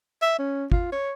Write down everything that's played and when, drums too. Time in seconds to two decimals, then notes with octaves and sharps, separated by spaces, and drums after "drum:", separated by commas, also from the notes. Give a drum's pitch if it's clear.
0.22 E5
0.39 C#4
0.72 F4, drum: kick
0.92 C#5